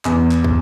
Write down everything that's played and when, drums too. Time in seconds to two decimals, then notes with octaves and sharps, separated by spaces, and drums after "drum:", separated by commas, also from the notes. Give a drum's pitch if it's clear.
0.05 E2, drum: clap
0.31 drum: clap
0.44 drum: kick